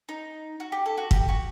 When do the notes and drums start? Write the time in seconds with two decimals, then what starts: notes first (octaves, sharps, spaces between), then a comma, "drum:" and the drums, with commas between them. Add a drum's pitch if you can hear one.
0.09 D#4
0.60 F#4
0.72 G4
0.86 A4
0.98 F#4
1.11 G4, drum: kick
1.29 F#4